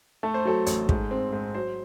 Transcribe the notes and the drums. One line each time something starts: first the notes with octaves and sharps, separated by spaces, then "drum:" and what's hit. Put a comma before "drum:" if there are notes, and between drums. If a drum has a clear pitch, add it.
A3 A4
C5
F#3 A4
A1, drum: hi-hat
G#2, drum: kick
C4
G#2
F#3 C5